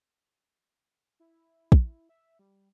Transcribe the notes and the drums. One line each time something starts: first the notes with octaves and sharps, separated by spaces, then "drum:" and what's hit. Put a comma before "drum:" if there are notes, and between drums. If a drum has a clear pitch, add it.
E4
drum: kick
E5
G3